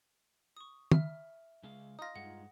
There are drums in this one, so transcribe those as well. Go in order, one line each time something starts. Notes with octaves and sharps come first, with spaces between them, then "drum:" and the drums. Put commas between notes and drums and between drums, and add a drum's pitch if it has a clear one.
C#6 D#6
E5 F6, drum: tom
C#3 G#3 F5
D#4 F4 D#6 A#6
G2 G#3 F#5